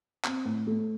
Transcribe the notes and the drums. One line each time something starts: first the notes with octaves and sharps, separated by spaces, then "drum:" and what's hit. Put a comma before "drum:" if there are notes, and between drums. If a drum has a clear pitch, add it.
C4, drum: clap
A2
A3